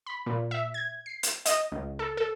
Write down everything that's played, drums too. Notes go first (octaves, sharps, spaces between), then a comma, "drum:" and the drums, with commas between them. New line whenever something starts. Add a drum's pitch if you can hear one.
B5
A#2
E5
G#6
C7
drum: hi-hat
D#5, drum: hi-hat
C#2
A4
A4